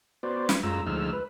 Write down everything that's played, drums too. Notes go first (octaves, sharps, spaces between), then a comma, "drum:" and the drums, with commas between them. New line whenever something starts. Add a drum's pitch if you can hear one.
B3 F#4 C5 D5
drum: snare
F#2 G#3 F4 A#5 E6
D2 F3 G#3 D#4 E6 F6
B4